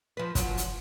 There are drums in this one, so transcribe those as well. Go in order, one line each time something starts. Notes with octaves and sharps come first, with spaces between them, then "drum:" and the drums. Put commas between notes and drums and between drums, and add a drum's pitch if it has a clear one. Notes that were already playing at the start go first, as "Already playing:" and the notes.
F3 B4
F#2 F3 F#3, drum: kick, hi-hat
drum: hi-hat